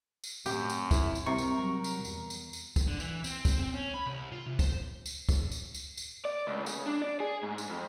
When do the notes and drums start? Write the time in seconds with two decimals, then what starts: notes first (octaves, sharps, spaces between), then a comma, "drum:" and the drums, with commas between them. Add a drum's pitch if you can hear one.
0.24 drum: tambourine
0.46 F#2 A2 C4 G4, drum: tambourine
0.69 drum: tambourine
0.91 G2 E4, drum: kick, tambourine
1.15 drum: tambourine
1.26 C3 G3 A#4 C#6
1.38 drum: tambourine
1.58 F#3 G3
1.84 drum: tambourine
2.05 E2, drum: tambourine
2.30 drum: tambourine
2.53 drum: tambourine
2.76 drum: kick, tambourine
2.88 D3
3.00 E3, drum: tambourine
3.24 C4, drum: tambourine
3.45 drum: kick, tambourine
3.60 C4
3.74 C#4
3.94 B5
4.06 C2
4.32 F4
4.47 C3
4.59 C5, drum: kick, tambourine
5.06 drum: tambourine
5.29 drum: kick, tambourine
5.52 drum: tambourine
5.75 drum: tambourine
5.97 drum: tambourine
6.25 D5
6.47 C#2
6.66 C#3, drum: tambourine
6.86 D4
7.02 D5
7.20 G#4
7.43 G#2
7.58 drum: tambourine
7.70 F2